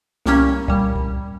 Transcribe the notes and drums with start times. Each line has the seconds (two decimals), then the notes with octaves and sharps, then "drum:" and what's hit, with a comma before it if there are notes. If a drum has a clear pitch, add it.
0.26 C2 A#2 G3 A#3 C#4, drum: snare
0.68 A#2 G3, drum: kick C2
0.96 drum: kick C2